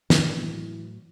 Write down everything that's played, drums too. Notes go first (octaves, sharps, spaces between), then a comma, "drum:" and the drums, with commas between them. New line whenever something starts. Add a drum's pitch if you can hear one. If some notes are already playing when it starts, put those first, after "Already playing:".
A2 E3 F#3, drum: snare